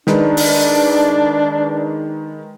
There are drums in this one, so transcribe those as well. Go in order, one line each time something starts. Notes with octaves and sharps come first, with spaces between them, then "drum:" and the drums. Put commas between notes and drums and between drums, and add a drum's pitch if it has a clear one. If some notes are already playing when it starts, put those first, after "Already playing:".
D#3 G#3 D4 B4, drum: snare
drum: open hi-hat